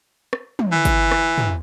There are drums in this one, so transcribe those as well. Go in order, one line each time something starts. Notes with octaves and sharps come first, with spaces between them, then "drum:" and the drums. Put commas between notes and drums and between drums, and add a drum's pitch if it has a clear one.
drum: rim click
drum: tom
E3
drum: kick G1, hi-hat
drum: rim click
drum: tom